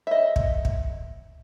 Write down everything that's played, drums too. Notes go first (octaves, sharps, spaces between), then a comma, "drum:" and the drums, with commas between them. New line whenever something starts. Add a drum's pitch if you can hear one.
D#5 E5
drum: kick
drum: kick